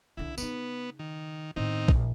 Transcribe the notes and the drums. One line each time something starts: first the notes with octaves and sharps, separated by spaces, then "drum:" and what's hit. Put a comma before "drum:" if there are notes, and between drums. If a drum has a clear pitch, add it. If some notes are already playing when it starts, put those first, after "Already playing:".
C2 D3 E4
C#3 B3 D#4, drum: tambourine
D#3
A2 D#3 B3 C4 D#4
A#1 E4, drum: kick